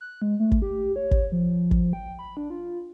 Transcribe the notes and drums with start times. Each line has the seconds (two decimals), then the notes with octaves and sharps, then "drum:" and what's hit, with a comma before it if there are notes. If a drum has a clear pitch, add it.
0.01 F#6
0.22 G#3
0.40 A3
0.52 drum: kick
0.62 G4
0.96 C#5
1.11 drum: kick
1.32 F3
1.71 drum: kick
1.93 G5
2.19 B5
2.37 D4
2.50 F4